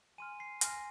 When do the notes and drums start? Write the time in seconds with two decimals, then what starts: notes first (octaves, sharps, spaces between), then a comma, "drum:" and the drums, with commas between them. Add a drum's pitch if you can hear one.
0.18 G#5 C6 F6 D#7
0.40 C7
0.61 G#5 C6 F6 A#6, drum: hi-hat